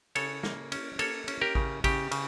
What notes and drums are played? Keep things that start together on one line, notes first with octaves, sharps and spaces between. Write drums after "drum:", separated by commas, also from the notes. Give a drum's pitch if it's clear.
C#3 A4 C#5, drum: cymbal
A#3, drum: snare
C#4, drum: cymbal
A#3 A4 C#5, drum: cymbal
C#4, drum: cymbal
G4 A#4
C#3, drum: kick A1
C#3 G4, drum: kick A1, cymbal
C#3, drum: cymbal